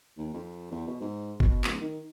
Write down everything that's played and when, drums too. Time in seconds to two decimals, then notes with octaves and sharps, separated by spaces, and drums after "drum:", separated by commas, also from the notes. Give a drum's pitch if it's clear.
0.18 D#2
0.34 F2
0.72 E2
0.87 B2
1.01 G#2
1.40 B2, drum: kick
1.64 D1, drum: clap
1.81 D#3